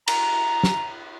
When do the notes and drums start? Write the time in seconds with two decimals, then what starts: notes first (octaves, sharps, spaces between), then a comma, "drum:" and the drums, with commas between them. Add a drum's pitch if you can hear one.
0.08 A#5, drum: cymbal
0.63 drum: snare